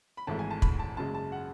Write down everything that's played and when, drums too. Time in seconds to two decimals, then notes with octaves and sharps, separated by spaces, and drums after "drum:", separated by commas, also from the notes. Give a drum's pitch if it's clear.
0.17 B5
0.27 G#1 G#2 E3 A3 E4 A5
0.39 G#5
0.51 A5
0.62 B5, drum: kick
0.79 A5
0.97 F#1 F#2 C#3 G#3 A5
1.15 A5
1.32 F#5